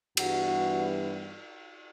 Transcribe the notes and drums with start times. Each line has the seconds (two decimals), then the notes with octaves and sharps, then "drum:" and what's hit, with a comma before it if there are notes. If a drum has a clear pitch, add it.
0.17 G2 E3 G3 B3 F#4, drum: cymbal